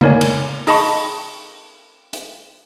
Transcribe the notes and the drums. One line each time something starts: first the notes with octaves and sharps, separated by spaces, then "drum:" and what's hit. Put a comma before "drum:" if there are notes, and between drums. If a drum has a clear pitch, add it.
A#3 D#4 A#4 C#5 D5 G#5, drum: tom C#3
drum: cymbal
D#4 G#4 D#5 A5 B5 C#6, drum: open hi-hat
drum: hi-hat